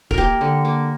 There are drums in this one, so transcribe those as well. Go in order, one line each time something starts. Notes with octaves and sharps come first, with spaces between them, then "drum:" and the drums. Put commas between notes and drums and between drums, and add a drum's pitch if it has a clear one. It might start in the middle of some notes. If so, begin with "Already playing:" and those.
A#4, drum: kick
A#3 G4
D3
A#3